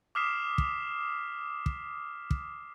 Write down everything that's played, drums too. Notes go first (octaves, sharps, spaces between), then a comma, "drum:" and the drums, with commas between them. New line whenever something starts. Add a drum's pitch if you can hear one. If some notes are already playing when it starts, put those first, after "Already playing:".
D6 D#6 F6 B6 C7 E7
drum: kick
drum: kick
drum: kick